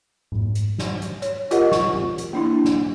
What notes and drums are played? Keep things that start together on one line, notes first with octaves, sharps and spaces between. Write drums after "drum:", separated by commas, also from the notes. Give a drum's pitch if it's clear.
drum: tom G#2
drum: hi-hat
drum: snare
drum: hi-hat
C#5, drum: hi-hat
F4 G4 A#4 D#5 F#5, drum: hi-hat
C#6, drum: snare
drum: tom E3
drum: hi-hat
A#3 D4 E4
drum: snare